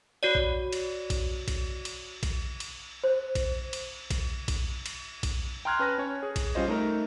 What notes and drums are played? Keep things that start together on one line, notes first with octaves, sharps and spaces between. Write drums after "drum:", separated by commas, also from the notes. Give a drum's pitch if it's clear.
F#4 C#5 D5
drum: kick A#1
drum: cymbal
drum: kick A#1, cymbal
drum: kick A#1, cymbal
drum: cymbal
drum: kick A#1, cymbal
drum: cymbal
C5
drum: kick A#1, cymbal
drum: cymbal
drum: kick A#1, cymbal
drum: kick A#1, cymbal
drum: cymbal
drum: kick A#1, cymbal
G5 A#5 C6 F6 F#6 G#6
C#4 B4 A5 F6 A#6
C#4 C#5
G#4
drum: kick A#1, cymbal
G3 C#4 F4 C5 D#5
A3 D#4 A#4 A#5